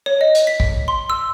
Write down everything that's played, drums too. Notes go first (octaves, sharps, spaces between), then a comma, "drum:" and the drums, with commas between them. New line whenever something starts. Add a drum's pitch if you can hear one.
C#5
D#5
drum: hi-hat
B6
drum: kick
C6
E6